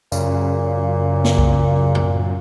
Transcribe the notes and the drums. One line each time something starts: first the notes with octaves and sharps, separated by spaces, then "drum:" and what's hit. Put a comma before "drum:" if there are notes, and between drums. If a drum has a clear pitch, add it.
F#2 A#2 C#3, drum: tambourine
drum: snare A#3
drum: kick C2
drum: tom